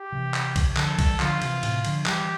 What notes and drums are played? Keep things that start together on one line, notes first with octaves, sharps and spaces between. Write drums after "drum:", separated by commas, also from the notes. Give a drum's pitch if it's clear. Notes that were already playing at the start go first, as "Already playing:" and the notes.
Already playing: G4
C3 E3
drum: clap
drum: kick B1, cymbal
D3 F3 A4, drum: clap
E3 G3, drum: kick B1, cymbal
D3 F3 F4, drum: clap
C3 E3, drum: cymbal
A2 C3, drum: cymbal
D3 F3, drum: cymbal
E3 G3 G4, drum: clap